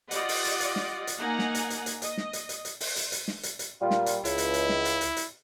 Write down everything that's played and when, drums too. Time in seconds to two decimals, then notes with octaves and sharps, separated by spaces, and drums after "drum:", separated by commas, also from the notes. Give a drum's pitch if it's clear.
0.11 F4 G4 D5 D#5 F#5, drum: hi-hat
0.29 drum: open hi-hat
0.44 drum: hi-hat
0.60 drum: hi-hat
0.76 drum: snare
1.07 drum: hi-hat
1.19 A#3 D#4 F#5 G#5 A#5
1.39 drum: snare
1.55 drum: hi-hat
1.70 drum: hi-hat
1.86 drum: hi-hat
2.02 D#5, drum: hi-hat
2.17 drum: snare
2.33 drum: hi-hat
2.49 drum: hi-hat
2.65 drum: hi-hat
2.80 drum: open hi-hat
2.96 drum: hi-hat
3.12 drum: hi-hat
3.28 drum: snare
3.43 drum: hi-hat
3.59 drum: hi-hat
3.81 A#2 G3 F4
3.91 drum: snare
4.06 drum: hi-hat
4.25 C#2 E4, drum: hi-hat
4.38 drum: hi-hat
4.54 drum: hi-hat
4.69 drum: snare
4.85 drum: hi-hat
5.01 drum: hi-hat
5.17 drum: hi-hat